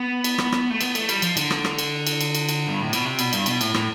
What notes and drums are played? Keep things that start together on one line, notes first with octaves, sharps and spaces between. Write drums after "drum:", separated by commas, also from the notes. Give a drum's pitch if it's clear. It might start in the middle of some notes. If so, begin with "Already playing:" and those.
Already playing: B3
drum: cymbal
drum: rim click
drum: rim click
A3
B3, drum: cymbal
A3, drum: cymbal
G3, drum: cymbal
F3, drum: cymbal
D3, drum: cymbal
drum: rim click
drum: rim click
drum: cymbal
drum: cymbal
drum: cymbal
drum: cymbal
drum: cymbal
G2
A2
B2, drum: cymbal
C3
B2, drum: cymbal
G2, drum: cymbal
B2, drum: cymbal
A2, drum: cymbal
A2, drum: rim click